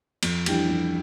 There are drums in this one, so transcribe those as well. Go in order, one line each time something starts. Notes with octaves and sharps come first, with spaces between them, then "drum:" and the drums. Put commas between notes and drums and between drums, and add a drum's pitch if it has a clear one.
F2, drum: cymbal
E3 G3 D4 G4, drum: cymbal
F2